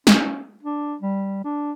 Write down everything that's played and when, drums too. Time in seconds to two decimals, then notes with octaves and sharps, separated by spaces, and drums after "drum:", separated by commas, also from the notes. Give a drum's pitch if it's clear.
0.07 C#4, drum: snare
0.63 D4
1.01 G3
1.44 D4